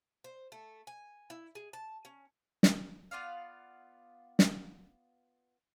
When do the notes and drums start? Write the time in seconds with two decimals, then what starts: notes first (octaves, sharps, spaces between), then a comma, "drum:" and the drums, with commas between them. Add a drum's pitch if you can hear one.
0.24 C5
0.52 A3
0.87 G#5
1.30 E4
1.55 G#4
1.73 A5
2.05 C#4
2.63 drum: snare
3.11 B3 F4 D5 F5
4.39 drum: snare